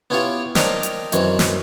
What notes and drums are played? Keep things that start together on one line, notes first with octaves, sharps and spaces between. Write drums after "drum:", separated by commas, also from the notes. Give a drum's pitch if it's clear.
B3 C#4 E4 F4 G4 C#5
D4 A#4 C5 C#5 D#5 G5, drum: snare
drum: hi-hat
F#2 D#3 E3 C4 C#4, drum: hi-hat
drum: snare